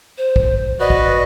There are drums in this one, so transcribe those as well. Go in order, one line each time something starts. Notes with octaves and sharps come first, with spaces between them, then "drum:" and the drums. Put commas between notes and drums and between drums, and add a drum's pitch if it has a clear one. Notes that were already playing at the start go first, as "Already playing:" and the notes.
C5
drum: kick
F#4 B4 D5 D#5
drum: kick